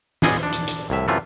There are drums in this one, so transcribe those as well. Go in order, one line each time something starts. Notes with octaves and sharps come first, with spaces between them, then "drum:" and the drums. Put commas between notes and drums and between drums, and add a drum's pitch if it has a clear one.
B3 G#4 D5 D#5 G#5, drum: snare
D4
drum: hi-hat
drum: hi-hat
C2 A2 E5
F#2 C3 E3 A3 F4